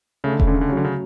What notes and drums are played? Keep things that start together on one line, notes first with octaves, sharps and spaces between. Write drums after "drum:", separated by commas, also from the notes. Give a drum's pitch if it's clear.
C#3 A3
D3
C#3, drum: kick E1
D3 C#4
C#3
D3
C#3
D3 F#3
C#3